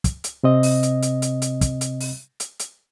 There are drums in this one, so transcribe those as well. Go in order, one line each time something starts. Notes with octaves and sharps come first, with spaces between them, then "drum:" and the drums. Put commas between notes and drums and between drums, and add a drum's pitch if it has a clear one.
drum: kick, hi-hat
drum: hi-hat
C3 C4 D#5
drum: open hi-hat
drum: hi-hat
drum: hi-hat
drum: hi-hat
drum: hi-hat
drum: kick, hi-hat
drum: hi-hat
drum: open hi-hat
drum: hi-hat
drum: hi-hat